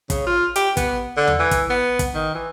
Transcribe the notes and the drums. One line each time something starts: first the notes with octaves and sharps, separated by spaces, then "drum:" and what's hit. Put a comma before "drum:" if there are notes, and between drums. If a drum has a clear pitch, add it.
C#3, drum: kick, hi-hat
F4
G4, drum: hi-hat
B3, drum: kick, hi-hat
D3
drum: tom E2
E3
drum: kick, hi-hat
B3
drum: kick, hi-hat
D#3
E3